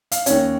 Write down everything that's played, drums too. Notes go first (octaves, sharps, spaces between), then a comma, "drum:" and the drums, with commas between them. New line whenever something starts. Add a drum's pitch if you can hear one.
F5, drum: hi-hat
D#2 D#3 C#4 C#5, drum: hi-hat